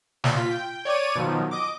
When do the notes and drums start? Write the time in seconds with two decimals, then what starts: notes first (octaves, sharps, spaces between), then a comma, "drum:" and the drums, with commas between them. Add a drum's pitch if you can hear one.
0.24 A#2, drum: snare
0.37 F4 B6
0.51 G5
0.85 C#5 D5 D6 D#7
1.16 B2 D#3 F3 F#3
1.51 D#5 D6